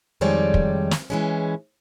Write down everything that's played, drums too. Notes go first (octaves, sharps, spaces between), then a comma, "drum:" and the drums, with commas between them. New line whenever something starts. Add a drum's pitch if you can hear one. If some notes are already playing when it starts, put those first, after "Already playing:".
F2 D#3 G3 G#3 C#5 D5
drum: kick
drum: snare
E3 G#3 C#4